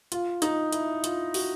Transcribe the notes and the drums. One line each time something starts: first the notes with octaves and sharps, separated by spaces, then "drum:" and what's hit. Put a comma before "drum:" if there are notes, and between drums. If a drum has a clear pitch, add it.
F4, drum: hi-hat
D#4, drum: hi-hat
E4, drum: hi-hat
F4, drum: hi-hat
F#4, drum: open hi-hat